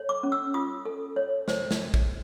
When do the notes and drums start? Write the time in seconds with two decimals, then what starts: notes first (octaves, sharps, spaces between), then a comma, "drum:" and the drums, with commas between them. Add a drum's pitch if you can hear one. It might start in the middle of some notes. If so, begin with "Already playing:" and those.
Already playing: A4 C#5
0.09 D6
0.23 C#4
0.32 E6
0.54 F4 D#6
0.85 A4
1.16 C#5
1.48 C5, drum: snare
1.71 drum: snare
1.94 drum: kick